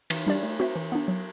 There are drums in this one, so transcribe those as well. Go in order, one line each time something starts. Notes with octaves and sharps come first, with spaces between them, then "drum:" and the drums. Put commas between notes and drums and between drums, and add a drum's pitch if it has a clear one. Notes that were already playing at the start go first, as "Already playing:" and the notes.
E3, drum: cymbal
G3 D4 G4 D5
A3
C4 F#4 C5 E5
E3
B3 D4
F#3